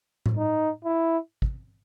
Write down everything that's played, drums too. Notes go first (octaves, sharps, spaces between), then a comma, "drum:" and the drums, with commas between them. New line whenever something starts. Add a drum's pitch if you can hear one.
drum: tom A2
D#4
E4
drum: kick